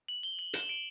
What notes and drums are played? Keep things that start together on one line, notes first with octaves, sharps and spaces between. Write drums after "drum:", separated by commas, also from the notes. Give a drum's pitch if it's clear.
F#7
G7
F#7
E7, drum: hi-hat
D7